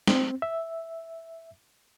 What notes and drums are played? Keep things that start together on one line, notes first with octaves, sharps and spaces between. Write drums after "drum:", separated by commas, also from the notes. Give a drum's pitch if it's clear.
C4, drum: snare
E5